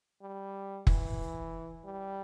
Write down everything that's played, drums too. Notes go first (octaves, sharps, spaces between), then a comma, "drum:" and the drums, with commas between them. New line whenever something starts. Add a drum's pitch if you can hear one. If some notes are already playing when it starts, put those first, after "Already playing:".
G3
E3, drum: kick F1
G3